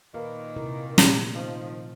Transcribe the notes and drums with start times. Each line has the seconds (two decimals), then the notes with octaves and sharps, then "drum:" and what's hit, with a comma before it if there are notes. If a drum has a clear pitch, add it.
0.14 A#2 D#3 A#3 B4
0.56 C3 E4 A#4
0.98 A#2 G3 A3 C4, drum: snare
1.34 D#3 F3